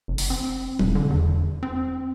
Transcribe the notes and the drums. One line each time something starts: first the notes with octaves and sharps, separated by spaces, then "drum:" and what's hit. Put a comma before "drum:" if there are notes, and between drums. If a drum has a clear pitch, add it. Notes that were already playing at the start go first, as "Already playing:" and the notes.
F#1
drum: open hi-hat
C4
E1, drum: tom F#3
D3
E2
C4